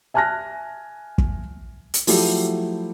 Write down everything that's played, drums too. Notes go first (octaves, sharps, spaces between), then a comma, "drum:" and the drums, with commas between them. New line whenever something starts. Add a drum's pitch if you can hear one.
E5 G#5 A5 F6 F#6 A#6
drum: kick
drum: hi-hat
F3 F#3 A3 E4 G4, drum: open hi-hat